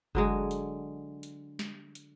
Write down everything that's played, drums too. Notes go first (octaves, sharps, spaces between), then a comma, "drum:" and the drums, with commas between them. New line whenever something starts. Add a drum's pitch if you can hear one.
D3 F#3 G#3, drum: kick F#1
drum: hi-hat
drum: hi-hat
drum: snare
drum: hi-hat